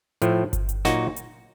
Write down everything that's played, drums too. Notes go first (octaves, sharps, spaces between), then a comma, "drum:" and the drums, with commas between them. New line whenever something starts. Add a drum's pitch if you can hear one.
A2 F3 A3, drum: hi-hat
drum: kick G1, hi-hat
drum: hi-hat
A#2 F#3 A#3 D#4 F#4, drum: snare
drum: hi-hat